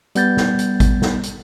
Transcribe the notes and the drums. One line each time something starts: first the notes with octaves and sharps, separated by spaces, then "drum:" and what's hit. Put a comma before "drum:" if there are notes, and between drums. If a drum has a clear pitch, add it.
G3 B3 G6 A6, drum: hi-hat
drum: snare
drum: hi-hat
drum: kick G#1, hi-hat
drum: snare
drum: hi-hat